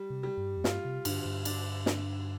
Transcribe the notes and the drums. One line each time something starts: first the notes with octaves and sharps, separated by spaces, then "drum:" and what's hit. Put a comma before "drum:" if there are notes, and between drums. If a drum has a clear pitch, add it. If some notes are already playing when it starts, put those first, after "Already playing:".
Already playing: G3
C3
G3
G2
F2
G2 F4, drum: snare
C3
G2 D3, drum: cymbal
G2
D4, drum: cymbal
D3, drum: snare